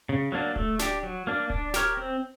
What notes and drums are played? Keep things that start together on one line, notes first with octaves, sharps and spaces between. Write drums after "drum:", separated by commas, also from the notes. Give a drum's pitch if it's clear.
C#3
F#3 A#3 D4
A3, drum: kick D1
D4 G4, drum: snare
F#3
A#3 D4
D4, drum: kick D1
G4 A#4 C#5, drum: snare
C4